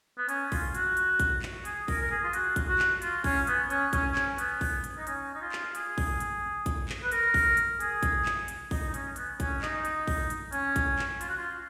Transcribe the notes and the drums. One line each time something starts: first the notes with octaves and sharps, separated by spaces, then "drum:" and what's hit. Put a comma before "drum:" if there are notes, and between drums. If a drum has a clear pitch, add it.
B3
C#4, drum: hi-hat
F4, drum: kick A#1, open hi-hat
F#4, drum: hi-hat
drum: hi-hat
drum: kick A#1, hi-hat
drum: clap
G#4, drum: hi-hat
A#4, drum: kick A#1, open hi-hat
A#4
G#4
F4
F#4, drum: hi-hat
drum: kick A#1, hi-hat
F#4
drum: clap
F4, drum: hi-hat
C#4, drum: kick A#1, open hi-hat
B3, drum: hi-hat
C#4, drum: hi-hat
C#4, drum: kick A#1, hi-hat
C#4, drum: clap
B3, drum: hi-hat
drum: kick A#1, open hi-hat
drum: hi-hat
D#4
C#4, drum: hi-hat
D#4
F4
drum: clap
G#4, drum: hi-hat
drum: kick A#1, open hi-hat
drum: hi-hat
drum: kick A#1, hi-hat
drum: clap
B4
A#4, drum: hi-hat
drum: kick A#1, open hi-hat
drum: hi-hat
G#4, drum: hi-hat
drum: kick A#1, hi-hat
drum: clap
drum: hi-hat
D#4, drum: kick A#1, open hi-hat
D#4
C#4, drum: hi-hat
B3, drum: hi-hat
C#4, drum: kick A#1, hi-hat
D#4, drum: clap
drum: hi-hat
drum: kick A#1, open hi-hat
drum: hi-hat
C#4, drum: hi-hat
drum: kick A#1, hi-hat
drum: clap
F4, drum: hi-hat
F#4
F4